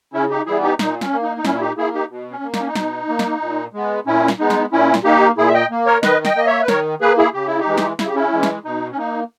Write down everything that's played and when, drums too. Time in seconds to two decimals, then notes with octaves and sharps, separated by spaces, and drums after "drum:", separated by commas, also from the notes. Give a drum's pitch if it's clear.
0.13 C#3 C#4 E4
0.30 D#4 G4
0.46 E3 G3 B3 E4 G#4
0.62 D#4 G4
0.79 A#2 D#4, drum: snare
1.01 C#4, drum: snare
1.13 A#3
1.23 D#4
1.37 D#4
1.45 A#2 C#4 E4, drum: snare
1.55 E4
1.61 D#4 G4
1.77 A#3 E4 G#4
1.93 D#4 G4
2.10 B2
2.32 C#4
2.43 A#3
2.54 D#4, drum: snare
2.61 C#4
2.67 D#4
2.75 B2, drum: snare
3.09 A#3
3.19 drum: snare
3.41 A#2
3.74 G#3 B3
4.07 A#2 C#4 E4
4.28 drum: snare
4.39 G#3 B3 D#4
4.50 drum: snare
4.72 A#2 C#4 E4
4.94 drum: snare
5.04 A#3 D#4 G4
5.37 A#2 E4 G#4
5.48 E5
5.54 D#5 G5
5.71 A#3
5.86 A#4 C#5
6.03 D#3 B4 D#5, drum: snare
6.25 D#5 G5, drum: snare
6.36 A#3 D#5
6.47 C#5 E5
6.63 B4
6.68 D#3 A#4 C#5, drum: snare
7.01 A#3 G#4 B4
7.17 E4 G#4
7.34 C#3 G4
7.47 E4
7.59 D#4 G4
7.67 E3 G#3
7.78 drum: snare
7.99 C#3 E4, drum: snare
8.07 G4
8.15 C#4 E4
8.33 E3 G#3
8.43 drum: snare
8.65 B2 D#4
8.91 C#4
8.98 A#3 D#4